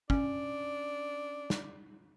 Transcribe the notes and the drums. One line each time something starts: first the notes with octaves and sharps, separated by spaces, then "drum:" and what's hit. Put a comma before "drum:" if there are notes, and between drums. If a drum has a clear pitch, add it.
C#4 D4, drum: kick
drum: snare